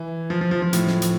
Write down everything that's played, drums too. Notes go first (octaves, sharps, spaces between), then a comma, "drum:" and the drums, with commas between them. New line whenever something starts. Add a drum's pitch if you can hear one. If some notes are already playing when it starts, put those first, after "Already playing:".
Already playing: E3
F3
F3
F3
F3
A2, drum: hi-hat
drum: snare
drum: hi-hat